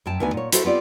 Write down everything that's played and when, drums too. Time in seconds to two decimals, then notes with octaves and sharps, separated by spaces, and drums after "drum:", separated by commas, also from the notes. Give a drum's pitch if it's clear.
0.06 F#2 C#4 G5 A5
0.20 D2 D#3 B3 B4 G#5
0.33 A#2 C#5
0.52 E4 F#4 A4 C5, drum: hi-hat
0.65 B3 C4 F4 G4 D5